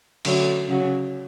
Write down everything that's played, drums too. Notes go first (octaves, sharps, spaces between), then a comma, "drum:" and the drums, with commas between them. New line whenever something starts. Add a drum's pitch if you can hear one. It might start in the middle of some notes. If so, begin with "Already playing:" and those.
D3 F#3 A3 C#4, drum: cymbal
C#3 F#3 C#4 F#4